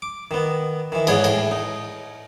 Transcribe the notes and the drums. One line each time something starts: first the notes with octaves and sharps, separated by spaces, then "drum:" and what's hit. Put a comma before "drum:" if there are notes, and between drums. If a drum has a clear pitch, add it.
D6
D#3 B3
D#3 E3
E2 G#2 B3 G#4 C#5, drum: cymbal
A2, drum: cymbal
D#4